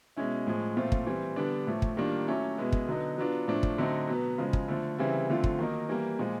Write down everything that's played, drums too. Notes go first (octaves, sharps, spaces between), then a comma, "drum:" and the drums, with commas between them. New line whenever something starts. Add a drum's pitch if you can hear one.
B2 G#3 C#4 E4
A2 F3 G#3
A#2 F3 A3 C4 F4
drum: kick
E3 G3 C4
D3 G3 B3 D4
A2 F3 A3
drum: kick
D#3 G3 A#3 D4 F4
F#3 A3 C#4 E4
B2 G#3 B3 E4
drum: kick
D3 F#3 B3 D#4
F#3 B3 D4 F4
A2 F3 A3 D4
drum: kick
D3 F#3 A3 C4 D#4
B2 F#3 B3
C#3 F3 G#3
drum: kick
D3 F3 A3
C#3 E3 G3 C4 E4
D3 F3 A3 C4 F4
drum: kick
D#3 F#3 A#3 D#4
E3 G3 A#3
A#2 F3 G#3